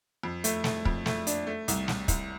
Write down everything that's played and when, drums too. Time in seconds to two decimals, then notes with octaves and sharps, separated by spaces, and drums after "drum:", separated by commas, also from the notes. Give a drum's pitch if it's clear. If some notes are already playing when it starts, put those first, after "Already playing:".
0.23 F2
0.44 A3, drum: hi-hat
0.64 A3, drum: snare
0.85 F2, drum: kick
1.06 A3, drum: snare
1.27 D4, drum: hi-hat
1.47 A3
1.68 C2, drum: hi-hat
1.88 C2, drum: snare
2.08 C2, drum: kick, hi-hat